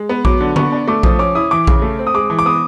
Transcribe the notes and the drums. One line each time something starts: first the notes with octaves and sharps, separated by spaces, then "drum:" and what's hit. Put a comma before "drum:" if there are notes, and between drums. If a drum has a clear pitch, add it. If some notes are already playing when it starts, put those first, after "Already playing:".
Already playing: G#3
B3
F#3 D6, drum: kick A#1
D3
B3 C#6, drum: tom D3
D4
A3 D6
F3 D#6, drum: kick A#1
C#4 D6
E4 D#6
E3 D6
C#3, drum: kick A#1
A3
C4
D#6
G#3 D6
E3
D6
B3 D#6